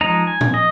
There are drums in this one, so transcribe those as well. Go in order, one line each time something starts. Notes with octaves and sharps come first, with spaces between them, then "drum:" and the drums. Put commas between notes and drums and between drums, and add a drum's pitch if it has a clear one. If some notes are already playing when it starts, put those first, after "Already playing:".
F3 G#3 D#4 A#5
G#5
drum: tom A2
D#5